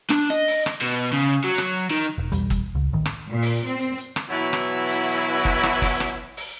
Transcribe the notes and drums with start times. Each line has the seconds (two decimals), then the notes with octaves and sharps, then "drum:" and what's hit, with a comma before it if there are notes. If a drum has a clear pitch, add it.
0.10 D4, drum: rim click
0.30 D#5, drum: hi-hat
0.48 drum: open hi-hat
0.66 drum: rim click
0.82 B2, drum: hi-hat
1.03 drum: hi-hat
1.12 C#3
1.44 F#3
1.58 drum: rim click
1.77 drum: hi-hat
1.90 D#3
2.18 E1
2.32 B1 E2 G3, drum: hi-hat
2.50 drum: kick, hi-hat
2.75 C#2
2.93 A1 D#3
3.06 drum: rim click
3.29 A#2
3.42 drum: open hi-hat
3.66 C4
3.79 drum: hi-hat
3.98 drum: hi-hat
4.16 drum: rim click
4.30 B2 E3 F#3 E4
4.53 drum: rim click
4.90 drum: hi-hat
5.08 drum: hi-hat
5.45 drum: kick, hi-hat
5.63 drum: rim click
5.82 drum: kick, open hi-hat
6.00 drum: rim click
6.37 drum: open hi-hat